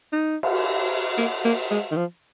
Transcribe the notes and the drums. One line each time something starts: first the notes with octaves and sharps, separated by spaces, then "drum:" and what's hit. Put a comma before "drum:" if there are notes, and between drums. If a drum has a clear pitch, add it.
D#4
drum: cymbal
A#3, drum: hi-hat
A#3
G#3
D#3
F3